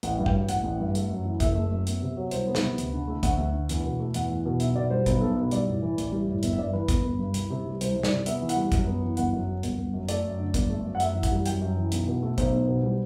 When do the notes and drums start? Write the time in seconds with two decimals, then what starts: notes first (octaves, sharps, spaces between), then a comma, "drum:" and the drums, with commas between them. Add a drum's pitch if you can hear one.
0.03 A1 F#5, drum: hi-hat
0.18 G2
0.26 G5, drum: kick A1
0.33 F#3
0.49 A1 F#5, drum: hi-hat
0.64 A1
0.80 G2
0.95 A3, drum: hi-hat
1.10 F#2
1.25 E3
1.40 F#1 E5, drum: kick A1, hi-hat
1.55 A3
1.71 F#2
1.87 B3, drum: hi-hat
2.02 C3
2.16 F#3
2.31 C2 C5, drum: hi-hat
2.47 B3
2.55 B4, drum: snare
2.63 C3
2.78 D2, drum: hi-hat
2.93 D3
3.08 A3
3.23 D2 F#5, drum: kick A1, hi-hat
3.38 D2
3.53 D3
3.69 E2, drum: hi-hat
3.84 B2
4.00 A3
4.14 E2 F#5, drum: hi-hat
4.30 E2
4.45 B2
4.60 B1 E5, drum: hi-hat
4.76 B2 D5
4.90 G3 C5
5.06 B1 B4, drum: kick A1, hi-hat
5.21 B1 A4
5.37 B2 B4
5.51 G3 D5, drum: hi-hat
5.67 A2
5.82 E3
5.98 A1, drum: hi-hat
6.12 G3
6.28 A2
6.43 G1 E5, drum: hi-hat
6.53 E5
6.58 G2 D5
6.73 E3 B4
6.88 G1 B4, drum: kick A1, hi-hat
7.04 G1
7.19 G2
7.34 C2, drum: hi-hat
7.50 C3
7.65 G3
7.81 C2 C5, drum: hi-hat
7.96 C2
8.03 D5, drum: snare
8.12 C3
8.26 B3 E5, drum: hi-hat
8.42 E3
8.49 F#5, drum: hi-hat
8.57 G3
8.72 F#2, drum: kick A1, hi-hat
8.87 B3
9.02 E3
9.17 G1 F#5, drum: hi-hat
9.33 F#2
9.47 F#3
9.63 G1, drum: hi-hat
9.78 G1
9.94 F#2
10.09 A3 D5, drum: hi-hat
10.25 F#2
10.40 D3
10.54 G1, drum: kick A1, hi-hat
10.70 A3
10.85 F#2
10.95 F#5
11.00 F#2 E5, drum: hi-hat
11.15 E3
11.23 F#5, drum: kick A1, hi-hat
11.32 G3
11.46 F#2 G5, drum: hi-hat
11.61 F#2
11.77 E3
11.92 B1, drum: hi-hat
12.08 B2
12.23 A3
12.38 B1 C5, drum: kick A1, hi-hat
12.52 B1
12.68 B2
12.83 G3